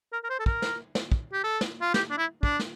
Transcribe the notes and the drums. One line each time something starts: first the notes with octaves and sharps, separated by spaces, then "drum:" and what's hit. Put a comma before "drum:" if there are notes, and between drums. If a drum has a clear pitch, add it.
A#4
A#4
C5
A4
A#4, drum: kick
drum: snare
drum: snare
drum: kick
G4
A4
drum: snare
F4
G4, drum: snare
D4
E4
D4, drum: kick
drum: snare